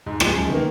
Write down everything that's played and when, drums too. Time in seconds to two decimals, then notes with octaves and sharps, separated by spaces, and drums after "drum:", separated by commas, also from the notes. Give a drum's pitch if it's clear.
0.06 G#2
0.20 F3 G#3, drum: rim click
0.36 F#2
0.49 D#3 A#3